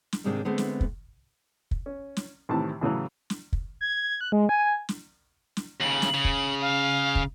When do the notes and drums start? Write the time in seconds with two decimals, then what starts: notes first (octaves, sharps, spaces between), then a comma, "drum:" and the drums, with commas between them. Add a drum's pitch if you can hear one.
0.13 drum: snare
0.24 G#2 C3 D#3 G#3 C4 D4
0.45 D3 G#3 A3 B3 C4
0.58 drum: snare
0.81 drum: kick
1.71 drum: kick
1.86 C#4
2.17 drum: snare
2.49 C2 A2 C3 D#3 E3 A5
2.81 A2 C#3 E3 F#3
3.30 drum: snare
3.53 drum: kick
3.81 G#6
4.21 F#6
4.32 G#3
4.49 G#5
4.89 drum: snare
5.57 drum: snare
5.80 D#2 C#3 F#7
6.02 drum: snare
6.14 C#3
6.25 drum: kick
6.61 F5
7.15 drum: kick